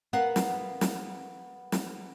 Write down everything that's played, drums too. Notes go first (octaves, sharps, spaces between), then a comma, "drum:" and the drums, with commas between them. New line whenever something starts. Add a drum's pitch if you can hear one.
B3 A#4 F5 F#5
drum: snare
drum: snare
drum: snare